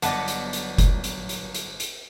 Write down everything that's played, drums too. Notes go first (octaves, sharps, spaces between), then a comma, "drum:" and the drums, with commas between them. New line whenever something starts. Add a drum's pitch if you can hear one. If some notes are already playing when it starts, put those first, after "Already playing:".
G1 F#3 B3 B4 D5 D#5 F#5 A5, drum: hi-hat
drum: hi-hat
drum: hi-hat
drum: kick F#1, hi-hat
drum: hi-hat
drum: hi-hat
drum: hi-hat
drum: hi-hat